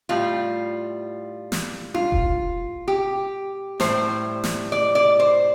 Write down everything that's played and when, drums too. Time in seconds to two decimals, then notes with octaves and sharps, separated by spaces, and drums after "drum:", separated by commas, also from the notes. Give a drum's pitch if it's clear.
0.09 A2 G3 F4
1.52 drum: snare
1.94 F4, drum: tom D4
2.12 drum: kick E1
2.88 G4
3.80 A2 G3 C5, drum: snare
4.44 drum: snare
4.72 D5
4.95 D5
5.20 C5